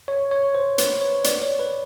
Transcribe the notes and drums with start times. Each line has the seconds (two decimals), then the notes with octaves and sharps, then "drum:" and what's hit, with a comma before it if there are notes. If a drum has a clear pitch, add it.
0.08 C#5
0.31 C#5
0.55 C5
0.78 B4, drum: hi-hat
1.01 C#5
1.24 D5, drum: hi-hat
1.42 C#5
1.59 B4